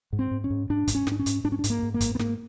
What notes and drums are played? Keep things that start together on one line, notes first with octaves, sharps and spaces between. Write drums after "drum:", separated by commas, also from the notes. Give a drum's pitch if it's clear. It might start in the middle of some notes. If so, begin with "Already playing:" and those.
G#2
C4
G#2
C#4
G#2
G#2 D4
G#2, drum: kick, hi-hat
C#4
G#2 D4, drum: snare
C#4
G#2, drum: hi-hat
G#2 D4
C#4
D4
G#2, drum: hi-hat
A#3
G#2
A#3
G#2, drum: kick, hi-hat
B3
G#2 A#3, drum: snare